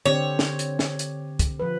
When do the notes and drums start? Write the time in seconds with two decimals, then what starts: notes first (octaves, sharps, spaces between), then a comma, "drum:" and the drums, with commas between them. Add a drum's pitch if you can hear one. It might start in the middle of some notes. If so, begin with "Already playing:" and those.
0.06 D3 C4 G4 C#5
0.39 drum: snare
0.59 drum: hi-hat
0.79 drum: snare
0.99 drum: hi-hat
1.39 drum: kick, hi-hat
1.60 F3 B4